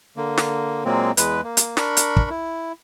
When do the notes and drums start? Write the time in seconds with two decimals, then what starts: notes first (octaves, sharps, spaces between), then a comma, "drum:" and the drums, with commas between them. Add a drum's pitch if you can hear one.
0.16 D3 A#3
0.38 drum: snare
0.85 A#2 F#3 G#3 A#3 C4
1.17 E2 G#3 B4, drum: hi-hat
1.44 A#3
1.57 drum: hi-hat
1.77 D4 A#4 B5 C#6, drum: snare
1.97 drum: hi-hat
2.17 drum: kick
2.30 E4